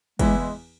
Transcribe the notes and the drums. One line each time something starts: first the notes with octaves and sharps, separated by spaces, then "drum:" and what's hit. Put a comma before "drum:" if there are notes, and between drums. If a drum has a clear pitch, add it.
E2 E3 G#3 B3 E4, drum: kick, cymbal
G#3